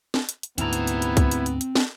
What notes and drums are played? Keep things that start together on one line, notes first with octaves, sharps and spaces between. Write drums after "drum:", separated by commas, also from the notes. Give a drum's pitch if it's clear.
drum: snare
drum: hi-hat
drum: hi-hat
D2 G#2 B3 C4 E4 A#5, drum: hi-hat
drum: hi-hat
drum: hi-hat
drum: hi-hat
drum: kick C2, hi-hat
drum: hi-hat
drum: hi-hat
drum: hi-hat
drum: snare